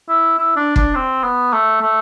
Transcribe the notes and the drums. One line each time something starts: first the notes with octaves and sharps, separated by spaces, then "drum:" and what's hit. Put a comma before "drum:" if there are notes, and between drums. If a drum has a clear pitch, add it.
E4
E4
D4
D4, drum: kick
C4
B3
A3
A3